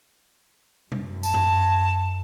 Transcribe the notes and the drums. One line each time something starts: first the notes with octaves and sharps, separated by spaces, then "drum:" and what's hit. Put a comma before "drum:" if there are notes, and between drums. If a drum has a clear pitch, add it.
F#2, drum: tom B2
A5, drum: tambourine
drum: tom G2